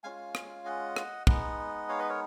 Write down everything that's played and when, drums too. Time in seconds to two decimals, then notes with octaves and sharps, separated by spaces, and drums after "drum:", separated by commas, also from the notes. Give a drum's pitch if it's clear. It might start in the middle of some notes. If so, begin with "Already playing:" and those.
0.04 G#3 C#4 F4 F5 G#5
0.35 drum: rim click
0.65 D#5 F#5
0.96 drum: rim click
1.27 G#3 B3 D#4 D#5 F#5, drum: kick
1.89 C#5 F5
1.99 B4 D#5
2.09 A#4 C#5